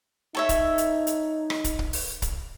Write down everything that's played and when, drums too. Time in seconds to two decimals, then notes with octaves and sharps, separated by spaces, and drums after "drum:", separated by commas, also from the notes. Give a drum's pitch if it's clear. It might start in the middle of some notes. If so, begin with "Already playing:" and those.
0.35 D#4 A4 C#5 E5
0.49 drum: kick, hi-hat
0.78 drum: hi-hat
1.07 drum: hi-hat
1.50 drum: rim click
1.64 drum: kick, hi-hat
1.79 drum: kick
1.93 drum: open hi-hat
2.22 drum: kick, hi-hat